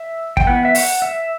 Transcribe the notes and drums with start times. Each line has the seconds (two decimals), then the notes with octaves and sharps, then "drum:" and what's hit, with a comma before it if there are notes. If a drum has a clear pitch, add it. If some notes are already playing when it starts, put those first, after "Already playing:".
Already playing: E5
0.37 G5, drum: kick
0.47 E3 B3 F#5
0.65 E5
0.75 F#5, drum: open hi-hat
1.02 E5